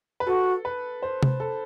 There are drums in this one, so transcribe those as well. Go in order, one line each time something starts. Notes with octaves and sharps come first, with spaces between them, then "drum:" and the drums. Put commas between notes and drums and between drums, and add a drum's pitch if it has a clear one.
B4
F#4 A4
B4
C5
drum: tom C3
A4